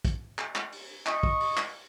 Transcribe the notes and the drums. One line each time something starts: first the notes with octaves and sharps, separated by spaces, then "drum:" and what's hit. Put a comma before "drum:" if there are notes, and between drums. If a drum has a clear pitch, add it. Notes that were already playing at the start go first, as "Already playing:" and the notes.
drum: kick, hi-hat
drum: clap
drum: clap
drum: open hi-hat
D#5 C#6, drum: clap
drum: kick
drum: open hi-hat
drum: clap